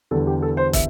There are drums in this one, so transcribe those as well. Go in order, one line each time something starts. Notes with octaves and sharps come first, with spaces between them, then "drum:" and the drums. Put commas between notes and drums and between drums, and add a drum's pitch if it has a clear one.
E2 D3 G3 A4
G4
A4
C5
E5, drum: kick, hi-hat